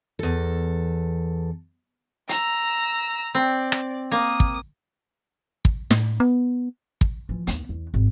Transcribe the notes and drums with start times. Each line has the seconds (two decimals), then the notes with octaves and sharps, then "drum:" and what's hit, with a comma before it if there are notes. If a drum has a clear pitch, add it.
0.19 E2 A4
2.29 A#5 E6, drum: hi-hat
3.35 C4 D5
3.72 drum: rim click
4.11 A#3 D#6
4.40 drum: kick
5.65 drum: kick
5.91 A2, drum: snare
6.20 B3
7.01 drum: kick
7.29 E3 F3
7.47 D#2 B3, drum: hi-hat
7.69 E2
7.94 G#1